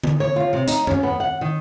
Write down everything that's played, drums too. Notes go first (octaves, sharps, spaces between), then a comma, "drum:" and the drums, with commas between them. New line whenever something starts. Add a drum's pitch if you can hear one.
drum: tom D3
C#5
F4
C3
D#4, drum: hi-hat
C#4, drum: tom F#2
B3
F#5
D#3